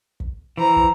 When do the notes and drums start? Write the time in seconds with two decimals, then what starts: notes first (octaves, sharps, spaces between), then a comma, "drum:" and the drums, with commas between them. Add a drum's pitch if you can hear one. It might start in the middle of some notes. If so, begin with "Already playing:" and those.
0.20 drum: kick
0.57 E3 C5 A#5
0.76 drum: kick